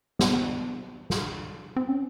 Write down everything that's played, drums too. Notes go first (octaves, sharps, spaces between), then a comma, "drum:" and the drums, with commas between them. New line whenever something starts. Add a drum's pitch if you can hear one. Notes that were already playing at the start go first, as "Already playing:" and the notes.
B3, drum: snare
drum: snare
C4
C#4